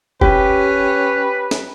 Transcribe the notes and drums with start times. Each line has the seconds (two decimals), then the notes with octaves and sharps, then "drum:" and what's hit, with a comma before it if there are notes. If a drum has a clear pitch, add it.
0.21 C#4 G4 B4, drum: kick F#1
1.51 drum: snare